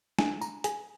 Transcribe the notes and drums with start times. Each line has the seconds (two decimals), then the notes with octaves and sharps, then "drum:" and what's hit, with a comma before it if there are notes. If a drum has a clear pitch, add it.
0.19 D4 G#5, drum: snare
0.41 A#5, drum: tambourine
0.64 G#4 G#5, drum: hi-hat